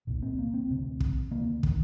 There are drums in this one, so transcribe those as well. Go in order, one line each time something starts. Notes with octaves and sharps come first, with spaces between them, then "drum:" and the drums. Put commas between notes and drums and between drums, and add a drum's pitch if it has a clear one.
C2 A#2
C4
A#3
C4
D2 C3
drum: kick
D2 C3 A#3
D#3, drum: kick